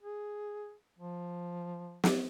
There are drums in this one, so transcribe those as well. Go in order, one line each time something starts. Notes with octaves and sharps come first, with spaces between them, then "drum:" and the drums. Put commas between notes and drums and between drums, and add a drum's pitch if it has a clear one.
G#4
F3
drum: snare